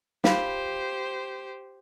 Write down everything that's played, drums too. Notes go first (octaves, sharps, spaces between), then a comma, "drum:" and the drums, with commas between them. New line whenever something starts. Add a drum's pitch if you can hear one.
F4 G4 C5 F5 B5, drum: snare